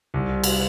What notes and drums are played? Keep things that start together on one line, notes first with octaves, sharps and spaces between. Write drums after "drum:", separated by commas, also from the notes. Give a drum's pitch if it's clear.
C2
drum: cymbal